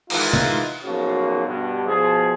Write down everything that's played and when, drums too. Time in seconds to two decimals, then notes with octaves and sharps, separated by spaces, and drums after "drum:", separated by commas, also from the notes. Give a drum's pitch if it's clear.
0.10 D#3 E3 G#3 D#4 F4, drum: cymbal
0.33 drum: tom C3
0.84 B1 A#2 C#3 F3 A#3 F#4
1.45 G2 B2
1.86 B2 F3 G#4